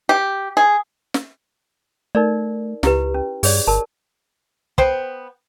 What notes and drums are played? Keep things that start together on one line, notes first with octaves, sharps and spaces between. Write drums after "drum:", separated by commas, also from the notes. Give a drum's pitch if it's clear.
G4
G#4
drum: snare
A3 D#4 A#4 D5
C#2 E4 G4 B4, drum: snare
C#4
G2 G#4 C#5 D5, drum: open hi-hat
G1 A#4 A5
B3 C5 G5, drum: kick